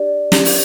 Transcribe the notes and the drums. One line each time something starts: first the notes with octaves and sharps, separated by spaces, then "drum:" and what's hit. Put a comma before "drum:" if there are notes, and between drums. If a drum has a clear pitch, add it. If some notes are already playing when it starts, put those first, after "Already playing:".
Already playing: D4 G4 D5
D4 G4 D5, drum: snare
drum: open hi-hat